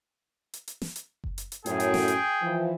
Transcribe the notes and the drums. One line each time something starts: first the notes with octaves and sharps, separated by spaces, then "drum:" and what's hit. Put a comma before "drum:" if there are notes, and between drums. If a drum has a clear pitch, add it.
drum: hi-hat
drum: hi-hat
drum: snare
drum: hi-hat
drum: kick F#1
drum: hi-hat
drum: hi-hat
F#2 A2 G#4 G5, drum: hi-hat
drum: hi-hat
drum: snare
drum: hi-hat
E3 F3